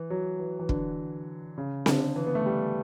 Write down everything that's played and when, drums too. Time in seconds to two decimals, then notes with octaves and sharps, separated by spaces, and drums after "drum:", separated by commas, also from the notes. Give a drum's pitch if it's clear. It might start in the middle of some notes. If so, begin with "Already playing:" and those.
Already playing: E3
0.10 F#3
0.40 E3
0.60 E3
0.69 D3, drum: kick
1.58 C#3
1.86 D3, drum: snare C4
2.16 E3
2.27 B3
2.35 A3
2.46 G3